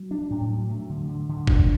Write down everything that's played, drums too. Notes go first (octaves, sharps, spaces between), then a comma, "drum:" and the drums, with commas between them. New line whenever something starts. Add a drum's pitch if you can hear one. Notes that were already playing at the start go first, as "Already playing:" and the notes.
Already playing: F#3
D4
A2
F#3
A3
D3
D3
D3
D4, drum: kick G1